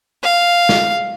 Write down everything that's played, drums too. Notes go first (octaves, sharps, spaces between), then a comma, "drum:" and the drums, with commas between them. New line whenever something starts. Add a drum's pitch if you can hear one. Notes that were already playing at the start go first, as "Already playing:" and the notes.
F5
drum: snare